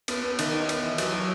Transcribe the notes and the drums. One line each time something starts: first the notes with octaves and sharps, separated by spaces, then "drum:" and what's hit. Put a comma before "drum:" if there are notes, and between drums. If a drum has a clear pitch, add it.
B3, drum: cymbal
B3
D#3, drum: cymbal
D#4
B3, drum: cymbal
E3
F#3, drum: cymbal
F#3